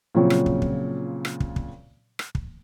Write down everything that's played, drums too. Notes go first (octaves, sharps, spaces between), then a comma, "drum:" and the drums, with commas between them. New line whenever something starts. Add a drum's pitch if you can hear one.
A#2 C#3 F3 F#3 C4
drum: rim click
drum: kick
drum: kick
drum: rim click
drum: kick
drum: kick
drum: rim click
drum: kick